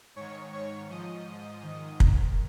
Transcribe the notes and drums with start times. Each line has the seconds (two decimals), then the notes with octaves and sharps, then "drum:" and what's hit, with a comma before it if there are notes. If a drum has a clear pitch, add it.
0.16 G#2 D#3 C#5 C#6
0.53 C#5 C#6
0.90 G#2 F3 D#5 D#6
1.63 G#2 D#3
2.00 drum: kick